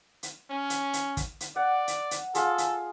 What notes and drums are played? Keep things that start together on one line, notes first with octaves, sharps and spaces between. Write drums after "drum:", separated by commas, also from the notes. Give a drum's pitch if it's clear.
drum: hi-hat
C#4
drum: hi-hat
drum: hi-hat
drum: kick, hi-hat
drum: hi-hat
D5 F#5
drum: hi-hat
drum: hi-hat
F4 G#4 A4, drum: hi-hat
drum: hi-hat